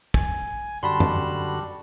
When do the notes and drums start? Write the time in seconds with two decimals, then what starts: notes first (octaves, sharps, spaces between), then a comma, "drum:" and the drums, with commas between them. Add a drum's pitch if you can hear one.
0.14 G#5, drum: kick
0.83 F#2 D3 G3 D4 F#4 A5 B5 C6
1.00 drum: tom F#2